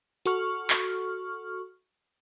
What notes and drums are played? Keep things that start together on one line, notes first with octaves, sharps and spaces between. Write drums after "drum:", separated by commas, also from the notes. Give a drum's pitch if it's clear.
F#4 A4 C#6 F6, drum: hi-hat
drum: clap